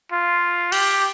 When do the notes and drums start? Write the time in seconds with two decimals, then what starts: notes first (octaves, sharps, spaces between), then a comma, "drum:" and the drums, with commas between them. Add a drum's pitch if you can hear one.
0.12 F4
0.72 G4, drum: cymbal